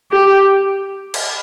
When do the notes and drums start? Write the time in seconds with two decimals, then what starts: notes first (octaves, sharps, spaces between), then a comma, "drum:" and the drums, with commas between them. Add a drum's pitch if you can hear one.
0.12 G4
1.14 drum: cymbal